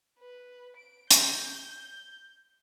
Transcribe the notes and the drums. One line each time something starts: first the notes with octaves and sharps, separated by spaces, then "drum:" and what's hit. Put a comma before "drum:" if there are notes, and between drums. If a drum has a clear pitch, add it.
B4
D7
G6, drum: hi-hat